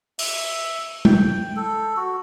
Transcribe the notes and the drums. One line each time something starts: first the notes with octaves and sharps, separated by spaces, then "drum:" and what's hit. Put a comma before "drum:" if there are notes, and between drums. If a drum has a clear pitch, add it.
E5, drum: open hi-hat
G5, drum: tom G#3
A4
F#4